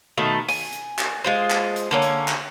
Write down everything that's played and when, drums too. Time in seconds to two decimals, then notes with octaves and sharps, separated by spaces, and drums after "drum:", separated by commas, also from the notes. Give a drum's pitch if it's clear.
0.17 B2 D#3 A3
0.49 G#5, drum: open hi-hat
0.73 drum: hi-hat
0.99 drum: clap
1.24 G#3 F4 C5
1.50 drum: clap
1.76 drum: hi-hat
1.91 D3 A#3 C#4
2.02 drum: hi-hat
2.28 drum: clap